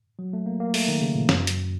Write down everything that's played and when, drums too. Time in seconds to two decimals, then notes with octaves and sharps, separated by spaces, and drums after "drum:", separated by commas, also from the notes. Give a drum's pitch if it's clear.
0.19 F#3
0.33 A3
0.46 A#3
0.60 A#3
0.74 A3, drum: open hi-hat
0.88 D#3
1.01 C#3
1.15 A#2
1.29 F#2, drum: snare
1.47 drum: hi-hat